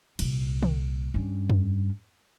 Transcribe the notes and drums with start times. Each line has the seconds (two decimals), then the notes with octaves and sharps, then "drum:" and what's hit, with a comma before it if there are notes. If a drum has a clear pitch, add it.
0.19 C2 A#2, drum: cymbal
0.63 drum: tom D3
1.14 G2 C#4
1.50 drum: tom F2